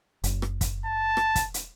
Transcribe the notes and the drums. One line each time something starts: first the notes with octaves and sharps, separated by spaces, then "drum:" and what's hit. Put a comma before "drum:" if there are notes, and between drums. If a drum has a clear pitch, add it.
F#1, drum: hi-hat
drum: rim click
drum: kick, hi-hat
A5
drum: rim click
drum: kick, hi-hat
drum: hi-hat